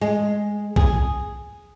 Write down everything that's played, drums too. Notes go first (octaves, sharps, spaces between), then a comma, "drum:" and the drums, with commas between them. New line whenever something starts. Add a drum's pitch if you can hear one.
G#3
G#4, drum: kick B1